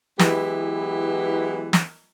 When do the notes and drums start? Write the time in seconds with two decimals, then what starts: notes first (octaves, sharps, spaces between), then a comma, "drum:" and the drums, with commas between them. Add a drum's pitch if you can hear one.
0.19 E3 F#3 G#3 B3 E4 G4, drum: snare
1.73 drum: snare